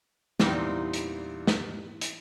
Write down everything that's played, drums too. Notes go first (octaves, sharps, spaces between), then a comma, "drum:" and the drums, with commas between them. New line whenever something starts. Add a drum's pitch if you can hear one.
E2 A#2 E3 G3 C4 D#4, drum: snare
drum: hi-hat
drum: snare
drum: hi-hat